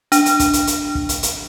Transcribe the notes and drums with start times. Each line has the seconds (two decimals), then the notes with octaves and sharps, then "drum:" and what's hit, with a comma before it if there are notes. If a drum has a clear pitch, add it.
0.12 D4, drum: hi-hat
0.26 drum: hi-hat
0.39 drum: kick, hi-hat
0.53 drum: hi-hat
0.67 drum: hi-hat
0.95 drum: kick
1.09 drum: hi-hat
1.23 drum: hi-hat